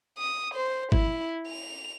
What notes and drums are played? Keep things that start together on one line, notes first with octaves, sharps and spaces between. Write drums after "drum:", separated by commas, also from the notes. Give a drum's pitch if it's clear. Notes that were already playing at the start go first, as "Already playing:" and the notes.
D#6
C5
E4, drum: kick G1
F7